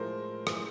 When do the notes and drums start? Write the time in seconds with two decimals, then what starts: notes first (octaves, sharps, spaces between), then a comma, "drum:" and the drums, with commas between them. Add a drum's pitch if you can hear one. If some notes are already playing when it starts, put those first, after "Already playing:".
Already playing: A2 F3 G#3 A#4 C5
0.47 A2 E3 G#3, drum: rim click